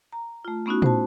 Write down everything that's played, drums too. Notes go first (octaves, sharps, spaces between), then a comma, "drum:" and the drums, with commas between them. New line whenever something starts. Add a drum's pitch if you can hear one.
A#5
A3 F4
A3 B3 C#4 D#4 E4 F#4
C5 A5, drum: tom